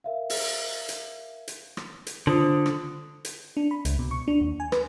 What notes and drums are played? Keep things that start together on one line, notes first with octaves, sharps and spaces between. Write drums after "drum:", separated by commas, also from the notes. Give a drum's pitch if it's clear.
A#4 E5 F5
drum: open hi-hat
drum: hi-hat
drum: hi-hat
drum: rim click
drum: hi-hat
D3 F4 C5 D#6
drum: rim click
drum: hi-hat
D4
B5
C#2, drum: hi-hat
B2
C#6
D4
D#2
G#5
B4, drum: rim click